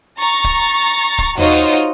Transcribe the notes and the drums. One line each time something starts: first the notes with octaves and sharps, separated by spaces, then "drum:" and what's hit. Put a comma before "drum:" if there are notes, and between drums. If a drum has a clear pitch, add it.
A#5 C#6 A6
drum: kick C#1
drum: kick C#1
D#4 F4 F#4 C5 C#5 D#5, drum: tom D#2